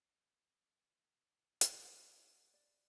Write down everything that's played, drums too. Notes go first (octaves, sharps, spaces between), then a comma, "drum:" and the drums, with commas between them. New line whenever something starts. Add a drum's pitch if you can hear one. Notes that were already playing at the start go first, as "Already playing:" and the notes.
E4 A#4 B4 C#5, drum: hi-hat
D5